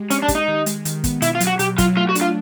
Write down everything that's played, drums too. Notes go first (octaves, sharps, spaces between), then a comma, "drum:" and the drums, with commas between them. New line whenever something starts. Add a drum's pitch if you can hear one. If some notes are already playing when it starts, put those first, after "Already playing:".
Already playing: G#3 G4
G#3 C#4, drum: hi-hat
D4
G4, drum: kick, hi-hat
D#4
D#3
G#3, drum: hi-hat
D#3, drum: hi-hat
B3, drum: kick, hi-hat
B2 E4, drum: hi-hat
F4
F#3, drum: hi-hat
F#4
B2 G4, drum: hi-hat
F#3 F4, drum: kick, hi-hat
A3 F4
F#4
D4, drum: hi-hat
F4